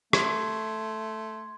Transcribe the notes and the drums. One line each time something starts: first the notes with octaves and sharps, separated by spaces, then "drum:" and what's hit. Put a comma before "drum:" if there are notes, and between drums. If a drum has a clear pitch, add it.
A3 C6 G#6, drum: rim click